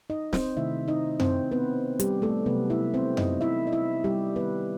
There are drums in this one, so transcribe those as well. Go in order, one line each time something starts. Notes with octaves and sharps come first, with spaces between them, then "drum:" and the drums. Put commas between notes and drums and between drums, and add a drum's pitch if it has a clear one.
D#4 D#5
C4 C5, drum: snare
C3 D#3 A3 E4 E5
D#4 D#5
C4 C5, drum: tom F#2
B3 B4
G3 G4, drum: hi-hat
A3 A4
C3 F#3 A3 B3 B4
E4 E5
C4 C5
D#4 D#5, drum: tom F#2
E4 E5
D#5
E4 E5
G3 G4
D#3 G3 B3 B4